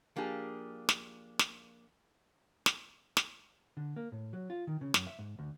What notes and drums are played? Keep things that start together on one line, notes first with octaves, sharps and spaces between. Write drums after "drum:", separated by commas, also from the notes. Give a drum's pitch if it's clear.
F3 A#3 D4 G4 G#4
drum: snare
drum: snare
drum: snare
drum: snare
D3
A#3
A2
F#3
F4
D#3
C#3
F#2, drum: snare
E5
G#2
D2